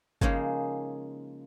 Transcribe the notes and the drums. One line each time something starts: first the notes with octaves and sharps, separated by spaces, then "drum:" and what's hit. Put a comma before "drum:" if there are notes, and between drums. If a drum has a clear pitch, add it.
C#3 F3 G#3 A#3 C#4 D#4, drum: kick G1